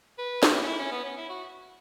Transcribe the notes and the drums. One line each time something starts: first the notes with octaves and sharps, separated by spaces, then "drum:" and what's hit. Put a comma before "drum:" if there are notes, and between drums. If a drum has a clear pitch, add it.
B4
F#4, drum: snare
E4
C#4
E4
C#4
B3
C#4
E4
F#4